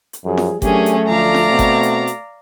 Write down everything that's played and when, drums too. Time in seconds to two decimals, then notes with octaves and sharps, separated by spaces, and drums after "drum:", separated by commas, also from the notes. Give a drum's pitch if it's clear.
0.13 drum: hi-hat
0.25 F#2 F3 G3 G#4
0.37 drum: snare
0.62 F#3 A3 C#4 D4 G4 G#4 A#4, drum: kick G1, hi-hat
0.86 drum: hi-hat
1.07 D2 F3 D5 F5 A#5
1.35 drum: snare
1.50 B2 C4 F#4
1.59 drum: kick G1, hi-hat
1.83 drum: hi-hat
2.07 drum: hi-hat